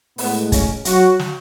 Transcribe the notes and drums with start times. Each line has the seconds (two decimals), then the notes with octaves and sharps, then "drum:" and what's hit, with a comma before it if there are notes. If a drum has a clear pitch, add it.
0.18 A2 G#3 B3, drum: open hi-hat
0.52 C#4, drum: kick, hi-hat
0.85 F#3 F#4, drum: hi-hat
1.19 drum: snare